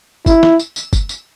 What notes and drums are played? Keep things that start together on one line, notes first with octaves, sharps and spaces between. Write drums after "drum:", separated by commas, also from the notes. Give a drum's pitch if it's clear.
E4, drum: kick, tambourine
drum: snare
drum: tambourine
drum: tambourine
drum: kick, tambourine
drum: tambourine